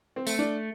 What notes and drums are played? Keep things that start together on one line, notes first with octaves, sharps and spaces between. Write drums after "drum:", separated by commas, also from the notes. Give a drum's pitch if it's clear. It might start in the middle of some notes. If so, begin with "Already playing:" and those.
C4
A3, drum: tambourine
D4